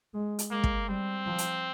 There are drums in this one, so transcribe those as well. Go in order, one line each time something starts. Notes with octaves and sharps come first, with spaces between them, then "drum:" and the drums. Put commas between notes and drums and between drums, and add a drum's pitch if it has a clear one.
G#3
drum: hi-hat
G#3 A#3
drum: kick
G3 C4
F3
drum: hi-hat